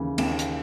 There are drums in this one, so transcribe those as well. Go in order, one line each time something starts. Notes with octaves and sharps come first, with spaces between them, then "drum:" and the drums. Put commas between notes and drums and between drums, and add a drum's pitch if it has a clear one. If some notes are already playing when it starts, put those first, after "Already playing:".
Already playing: D#2 C#3 E3
D#2, drum: cymbal
drum: hi-hat